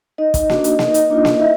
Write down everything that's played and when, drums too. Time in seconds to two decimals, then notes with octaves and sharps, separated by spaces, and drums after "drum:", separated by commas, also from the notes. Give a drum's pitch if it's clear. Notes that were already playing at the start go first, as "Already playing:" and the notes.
0.18 D#4 D#5
0.34 drum: kick, hi-hat
0.50 A#3 D4 F#4, drum: snare A#3
0.64 drum: hi-hat
0.79 D#4 D#5, drum: snare A#3
0.94 D#4 D#5, drum: hi-hat
1.10 A#3 D4 F4
1.25 drum: snare A#3
1.34 D#5
1.40 E4 E5